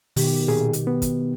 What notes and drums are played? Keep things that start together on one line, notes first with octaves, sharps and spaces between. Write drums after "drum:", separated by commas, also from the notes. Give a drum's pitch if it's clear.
B2 D#3 G4, drum: open hi-hat
A#2 G#4
drum: hi-hat
B3
drum: kick, hi-hat